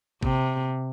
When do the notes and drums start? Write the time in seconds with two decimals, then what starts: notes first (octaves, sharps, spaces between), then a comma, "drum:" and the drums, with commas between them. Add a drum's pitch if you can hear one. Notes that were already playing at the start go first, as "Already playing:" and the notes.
0.23 C3, drum: kick